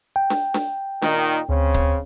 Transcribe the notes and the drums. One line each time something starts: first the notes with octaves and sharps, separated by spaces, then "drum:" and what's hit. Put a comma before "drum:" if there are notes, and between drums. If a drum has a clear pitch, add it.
G5
drum: snare D4
drum: snare D4
A#2 D#3, drum: snare D4
D2 C#3 C4 C#4
drum: kick C#1